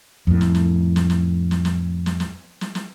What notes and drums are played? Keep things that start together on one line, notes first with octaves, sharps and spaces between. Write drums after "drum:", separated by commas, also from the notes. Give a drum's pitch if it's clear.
F2 A2
drum: snare
drum: snare
drum: snare
drum: snare
drum: snare
drum: snare
drum: snare
drum: snare
drum: snare
drum: snare